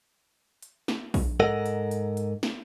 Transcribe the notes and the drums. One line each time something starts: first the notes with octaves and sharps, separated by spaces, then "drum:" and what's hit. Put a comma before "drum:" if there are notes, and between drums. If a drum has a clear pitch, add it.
drum: hi-hat
drum: snare
drum: kick A#1, open hi-hat
G#2 A4 A#4 D#5 F#5
drum: hi-hat
drum: hi-hat
drum: hi-hat
drum: snare